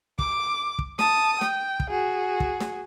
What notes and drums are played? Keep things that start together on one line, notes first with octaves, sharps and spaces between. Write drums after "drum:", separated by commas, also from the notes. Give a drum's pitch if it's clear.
D6, drum: kick
drum: kick
A5 D#6, drum: snare
G5, drum: snare
drum: kick
F#4 G#4
drum: kick
drum: snare